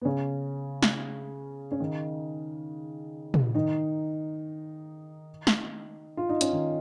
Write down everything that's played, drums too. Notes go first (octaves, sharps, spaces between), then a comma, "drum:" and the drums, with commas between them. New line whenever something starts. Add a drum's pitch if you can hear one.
B3
C#3 C#4
drum: snare
C#4
D#3 D#4
drum: tom
D#3 D#4
drum: snare
F4
D#4
C#4, drum: hi-hat
D#3 D#4